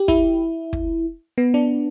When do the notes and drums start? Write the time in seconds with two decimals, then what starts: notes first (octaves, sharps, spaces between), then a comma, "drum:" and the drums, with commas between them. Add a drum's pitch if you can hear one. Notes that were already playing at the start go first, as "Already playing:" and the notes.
Already playing: G4
0.08 E4, drum: kick
0.73 drum: kick
1.38 B3
1.54 D4